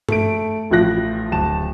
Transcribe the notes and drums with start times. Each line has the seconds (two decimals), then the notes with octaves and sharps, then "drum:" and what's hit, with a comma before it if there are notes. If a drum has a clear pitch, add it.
0.09 A3 D7, drum: tom G2
0.71 A1 A2 F3 F#6 A#6
1.32 D1 A5 E7